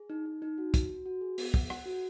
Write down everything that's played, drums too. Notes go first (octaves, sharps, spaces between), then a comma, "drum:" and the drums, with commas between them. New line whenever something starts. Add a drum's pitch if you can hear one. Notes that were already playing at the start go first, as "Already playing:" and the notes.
Already playing: G#4
D#4
D#4
D#4
F#4
F#4, drum: kick, hi-hat
F#4
F#4
G#4
B3, drum: open hi-hat
F#5, drum: kick
F#5, drum: rim click
F#4